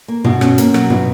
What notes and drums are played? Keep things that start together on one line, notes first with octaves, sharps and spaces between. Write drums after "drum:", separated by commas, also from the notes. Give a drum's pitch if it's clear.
A#3
B2, drum: tom G2
C#4, drum: rim click
A#3, drum: hi-hat
F#3, drum: rim click
B2, drum: tom G2